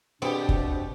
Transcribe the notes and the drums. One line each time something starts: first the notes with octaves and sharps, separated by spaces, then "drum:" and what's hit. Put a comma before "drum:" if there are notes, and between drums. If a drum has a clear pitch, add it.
B2 A3 B3 C4 D4 G4
drum: kick